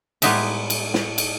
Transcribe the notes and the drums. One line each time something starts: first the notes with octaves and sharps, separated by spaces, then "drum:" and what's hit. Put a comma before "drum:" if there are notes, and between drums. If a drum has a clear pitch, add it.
A2 G3 G#3 B3 D#4 E5, drum: cymbal
drum: cymbal
drum: snare
drum: cymbal